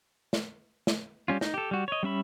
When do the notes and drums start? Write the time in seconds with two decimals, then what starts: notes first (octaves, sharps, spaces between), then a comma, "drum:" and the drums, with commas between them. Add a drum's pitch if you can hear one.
0.33 drum: snare
0.87 drum: snare
1.28 G3 C#4 F4
1.41 D#4, drum: snare
1.54 G4 A4
1.71 G3 F#4
1.88 C#5 D#5
2.03 G3 C#4 E5 B5